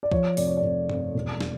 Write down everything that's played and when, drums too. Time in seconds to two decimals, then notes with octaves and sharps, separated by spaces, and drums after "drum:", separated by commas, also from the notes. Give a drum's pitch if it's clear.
0.03 D5
0.12 F3 C#5, drum: kick
0.37 F1 D5, drum: open hi-hat
0.47 C#5
0.57 D5
0.63 F1
0.90 F2, drum: tom G2
1.14 E1
1.41 drum: snare